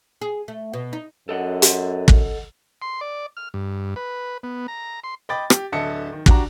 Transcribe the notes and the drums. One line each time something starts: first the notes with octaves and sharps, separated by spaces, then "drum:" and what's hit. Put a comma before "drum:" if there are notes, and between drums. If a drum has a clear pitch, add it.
G#4
A3
B2
D#4
F#2 A4 D#5 F#5
drum: hi-hat
drum: kick
C6
D5
F6
G2
B4
B3
A#5
C6
D#5 G5 B5 D6 A6
G4, drum: rim click
D1 D3 D#5 E5 A5 C#7
D#3
D4 F#4 G4 A#5, drum: kick